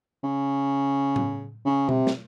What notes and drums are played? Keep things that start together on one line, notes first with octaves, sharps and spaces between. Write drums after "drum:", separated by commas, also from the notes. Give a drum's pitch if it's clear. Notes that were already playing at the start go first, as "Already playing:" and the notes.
C#3
drum: tom A2
C#3
C3, drum: tom B2
drum: snare